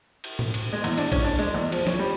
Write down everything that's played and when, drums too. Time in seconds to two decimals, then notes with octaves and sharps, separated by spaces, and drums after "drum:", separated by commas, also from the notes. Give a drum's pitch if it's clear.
0.24 drum: cymbal
0.39 drum: tom A2
0.54 drum: cymbal
0.73 G#3
0.84 E2, drum: cymbal
0.98 D4, drum: cymbal
1.12 C#4, drum: kick, cymbal
1.24 D4
1.39 G#3
1.54 E2
1.72 F3, drum: cymbal
1.87 C#5, drum: snare
1.99 G3